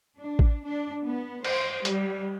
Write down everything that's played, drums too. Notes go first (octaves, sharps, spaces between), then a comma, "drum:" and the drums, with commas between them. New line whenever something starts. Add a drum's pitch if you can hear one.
D4
drum: kick A1
D4
B3
C5, drum: cymbal
G3, drum: hi-hat